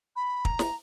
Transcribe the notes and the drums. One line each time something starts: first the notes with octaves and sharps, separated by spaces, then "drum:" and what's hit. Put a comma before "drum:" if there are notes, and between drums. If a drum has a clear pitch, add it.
B5
A#5, drum: kick
drum: snare